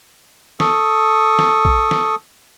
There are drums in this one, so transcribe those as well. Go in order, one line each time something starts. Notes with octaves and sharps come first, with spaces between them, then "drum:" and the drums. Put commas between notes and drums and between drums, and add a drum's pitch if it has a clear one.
A4 C#6 D#6, drum: snare
drum: snare
drum: kick A#1
drum: snare